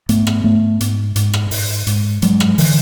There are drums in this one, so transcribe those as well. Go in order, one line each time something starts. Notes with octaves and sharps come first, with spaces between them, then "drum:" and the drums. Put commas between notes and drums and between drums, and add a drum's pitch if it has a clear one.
G#2 A3 B3, drum: hi-hat
drum: rim click
G#2 A3 B3
G#2, drum: hi-hat
G#2, drum: hi-hat
drum: rim click
G#2, drum: open hi-hat
G#2, drum: hi-hat
G#2 F#3 G#3, drum: hi-hat
drum: rim click
D3 E3, drum: open hi-hat